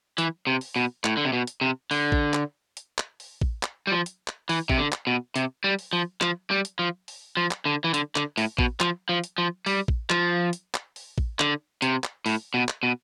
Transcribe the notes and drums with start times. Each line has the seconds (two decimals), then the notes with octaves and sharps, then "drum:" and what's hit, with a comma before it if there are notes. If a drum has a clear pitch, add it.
0.18 E3, drum: hi-hat
0.47 C3
0.61 drum: open hi-hat
0.76 B2
1.05 A2, drum: clap
1.17 D3
1.25 C3
1.33 B2
1.47 drum: hi-hat
1.61 C3
1.91 D3, drum: open hi-hat
2.12 drum: kick A1
2.34 drum: clap
2.77 drum: hi-hat
2.98 drum: clap
3.20 drum: open hi-hat
3.41 drum: kick A1
3.63 drum: clap
3.87 G3
3.92 F3
4.06 drum: hi-hat
4.28 drum: clap
4.49 E3, drum: open hi-hat
4.70 C3, drum: kick A1
4.78 D3
4.92 drum: clap
5.07 B2
5.36 C3, drum: hi-hat
5.64 G3
5.79 drum: open hi-hat
5.93 F3
6.21 F3, drum: clap
6.51 G3
6.65 drum: hi-hat
6.79 F3
7.08 drum: open hi-hat
7.37 F3
7.51 drum: clap
7.66 D3
7.84 E3
7.94 D3, drum: hi-hat
8.16 D3, drum: clap
8.38 A2, drum: open hi-hat
8.58 B2, drum: kick A1
8.80 F3, drum: clap
9.09 F3
9.24 drum: hi-hat
9.38 F3
9.66 G3, drum: open hi-hat
9.88 drum: kick A1
10.10 F3, drum: clap
10.53 drum: hi-hat
10.75 drum: clap
10.96 drum: open hi-hat
11.18 drum: kick A1
11.40 D3, drum: clap
11.82 C3, drum: hi-hat
12.04 drum: clap
12.26 A2, drum: open hi-hat
12.54 B2
12.69 drum: clap
12.83 B2